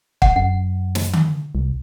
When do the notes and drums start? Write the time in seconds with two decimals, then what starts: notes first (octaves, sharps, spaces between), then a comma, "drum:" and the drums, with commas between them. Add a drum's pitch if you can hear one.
0.22 F#5, drum: kick
0.36 F#2 F#5
0.95 drum: snare
1.13 drum: tom D3
1.55 C2